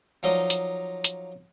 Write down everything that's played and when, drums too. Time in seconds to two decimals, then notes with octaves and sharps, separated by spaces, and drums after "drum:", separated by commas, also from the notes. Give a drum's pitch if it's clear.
0.23 F3 F#3 D#4 A#4 D5 D#5
0.50 drum: hi-hat
1.04 drum: hi-hat